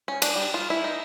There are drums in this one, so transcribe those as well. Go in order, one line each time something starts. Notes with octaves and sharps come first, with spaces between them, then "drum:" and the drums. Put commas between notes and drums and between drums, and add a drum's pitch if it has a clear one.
C#4
D4, drum: cymbal
G3
F4
E4
D#4